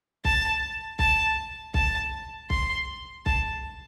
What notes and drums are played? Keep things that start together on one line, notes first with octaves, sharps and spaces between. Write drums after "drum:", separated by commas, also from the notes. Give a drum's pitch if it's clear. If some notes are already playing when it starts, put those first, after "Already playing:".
A5, drum: kick B1
A5, drum: kick B1
A5, drum: kick B1
C6, drum: kick B1
A5, drum: kick B1